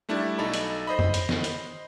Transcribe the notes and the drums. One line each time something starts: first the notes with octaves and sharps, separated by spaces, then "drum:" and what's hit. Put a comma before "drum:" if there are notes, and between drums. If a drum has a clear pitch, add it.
G3 A3 D4 E4
B1 D#4 A4 B5
drum: hi-hat
C5 D#5 B5
drum: tom
drum: hi-hat
drum: snare
drum: hi-hat